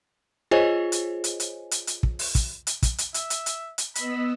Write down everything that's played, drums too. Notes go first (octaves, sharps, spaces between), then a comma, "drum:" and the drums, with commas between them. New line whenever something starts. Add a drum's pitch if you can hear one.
F4 G#4 C5 C#5 D#5 G#5
drum: hi-hat
drum: hi-hat
drum: hi-hat
drum: hi-hat
drum: hi-hat
drum: kick
drum: open hi-hat
drum: kick, hi-hat
drum: hi-hat
drum: kick, hi-hat
drum: hi-hat
E5, drum: hi-hat
drum: hi-hat
drum: hi-hat
drum: hi-hat
B3 D#5 B5 E6, drum: hi-hat